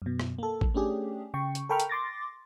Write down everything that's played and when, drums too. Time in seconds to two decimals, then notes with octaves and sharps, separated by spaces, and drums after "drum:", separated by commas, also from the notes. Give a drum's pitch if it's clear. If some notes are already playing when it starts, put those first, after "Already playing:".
0.02 F#2 B2
0.20 drum: rim click
0.38 A#3 A4
0.61 drum: kick
0.74 A3 C#4 D4 G4 G#4
1.34 C#3 G5 C#6
1.55 drum: hi-hat
1.69 A4 A#4 G5 B5 C#6 F6
1.80 drum: hi-hat
1.89 C6 D6 A6 A#6